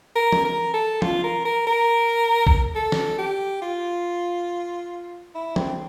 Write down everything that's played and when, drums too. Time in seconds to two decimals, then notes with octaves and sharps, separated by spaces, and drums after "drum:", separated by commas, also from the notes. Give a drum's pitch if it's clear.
0.16 A#4
0.33 drum: tom
0.45 A#4
0.74 A4
1.02 F4, drum: tom
1.24 A#4
1.45 A#4
1.67 A#4
2.47 drum: kick A1
2.75 A4
2.92 drum: snare
3.18 G4
3.62 F4
5.35 E4
5.56 C4, drum: tom